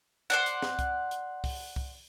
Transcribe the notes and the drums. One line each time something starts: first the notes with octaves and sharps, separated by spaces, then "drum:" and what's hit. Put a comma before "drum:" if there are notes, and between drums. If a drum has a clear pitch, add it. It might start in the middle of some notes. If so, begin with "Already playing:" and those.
C5 D5 F#5
drum: hi-hat
drum: snare
drum: kick C2, hi-hat
drum: hi-hat
drum: kick C2, open hi-hat
drum: kick C2